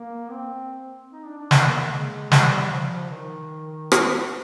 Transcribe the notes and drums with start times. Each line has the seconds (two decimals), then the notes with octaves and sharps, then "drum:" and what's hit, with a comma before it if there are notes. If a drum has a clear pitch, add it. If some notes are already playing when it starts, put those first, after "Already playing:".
Already playing: A#3
0.31 C4
1.11 D#4
1.25 D4
1.38 D4
1.51 A#3, drum: snare
1.91 G#3
2.32 G3, drum: snare
2.71 F3
3.12 D#3
3.92 D#3, drum: rim click